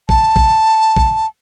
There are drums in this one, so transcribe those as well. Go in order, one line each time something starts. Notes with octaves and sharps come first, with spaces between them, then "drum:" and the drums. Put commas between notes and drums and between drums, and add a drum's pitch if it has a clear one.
A5, drum: kick
drum: kick
drum: kick